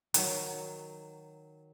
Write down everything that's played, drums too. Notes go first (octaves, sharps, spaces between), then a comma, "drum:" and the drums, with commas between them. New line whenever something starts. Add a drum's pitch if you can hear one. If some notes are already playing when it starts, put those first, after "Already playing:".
D#3 F#3, drum: hi-hat